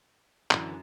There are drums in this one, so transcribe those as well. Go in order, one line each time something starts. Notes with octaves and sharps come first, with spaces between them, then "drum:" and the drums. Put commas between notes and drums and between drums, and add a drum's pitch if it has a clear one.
F#2 D3 E3 E4, drum: clap